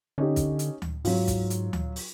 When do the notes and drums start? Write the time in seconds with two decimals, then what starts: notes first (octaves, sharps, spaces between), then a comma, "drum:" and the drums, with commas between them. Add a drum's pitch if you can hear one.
0.18 D3 C#4 D#4 G4
0.36 drum: kick, hi-hat
0.59 drum: hi-hat
0.82 drum: tom D2
1.05 G#2 F#3 F4, drum: open hi-hat
1.27 drum: kick, hi-hat
1.50 drum: hi-hat
1.73 drum: tom D2
1.96 drum: open hi-hat